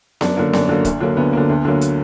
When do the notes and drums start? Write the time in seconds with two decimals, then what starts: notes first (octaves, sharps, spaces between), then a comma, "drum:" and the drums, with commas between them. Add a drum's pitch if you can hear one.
0.21 F#2 D4, drum: snare B3
0.37 D3 F#3 A#3
0.53 F#2 D4, drum: snare B3
0.69 D3 F#3 A#3
0.85 D2, drum: kick, hi-hat
1.01 D3 F#3 A#3
1.17 D2 B3
1.33 D3 F#3 A#3
1.49 D2
1.65 D3 F#3 A#3
1.81 drum: hi-hat